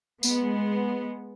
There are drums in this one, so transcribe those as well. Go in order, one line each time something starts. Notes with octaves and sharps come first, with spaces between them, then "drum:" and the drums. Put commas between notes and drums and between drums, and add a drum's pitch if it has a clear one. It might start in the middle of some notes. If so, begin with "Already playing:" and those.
G#3 B3, drum: tambourine